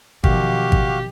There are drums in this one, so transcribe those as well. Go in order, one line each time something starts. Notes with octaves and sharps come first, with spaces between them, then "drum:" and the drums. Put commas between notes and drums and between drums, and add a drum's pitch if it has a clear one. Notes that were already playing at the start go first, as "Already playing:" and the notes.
B2 D#3 F3 F#3 F#4 G4 F5 D6, drum: kick G#1
drum: kick G#1